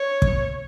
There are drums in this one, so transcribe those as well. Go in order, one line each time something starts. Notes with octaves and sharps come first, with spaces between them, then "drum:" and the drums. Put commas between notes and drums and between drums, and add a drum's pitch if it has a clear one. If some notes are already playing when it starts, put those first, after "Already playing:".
Already playing: C#5
drum: kick